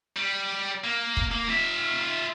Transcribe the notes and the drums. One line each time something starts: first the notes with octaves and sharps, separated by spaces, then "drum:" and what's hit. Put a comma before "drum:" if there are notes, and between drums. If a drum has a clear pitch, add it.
G3
A#3
drum: kick
A#3
F4 E5